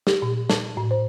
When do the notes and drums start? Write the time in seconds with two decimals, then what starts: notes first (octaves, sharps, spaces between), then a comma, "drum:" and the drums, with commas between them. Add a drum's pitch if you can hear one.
0.07 G4, drum: snare
0.22 A#2
0.50 A5, drum: snare
0.77 A2
0.91 C5